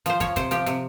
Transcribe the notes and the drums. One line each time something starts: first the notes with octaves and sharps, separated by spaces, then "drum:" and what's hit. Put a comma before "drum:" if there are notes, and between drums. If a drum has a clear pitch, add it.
F3 C5, drum: hi-hat
F3 C#5, drum: kick, hi-hat
C3 C5, drum: kick, hi-hat
F3 G4, drum: hi-hat
C3, drum: hi-hat